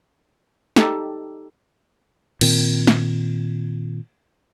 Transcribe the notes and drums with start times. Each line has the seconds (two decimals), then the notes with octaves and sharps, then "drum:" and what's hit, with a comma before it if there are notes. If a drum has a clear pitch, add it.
0.76 D#4 G4 A4, drum: snare
2.41 A#2 D#3 C4, drum: cymbal
2.87 drum: snare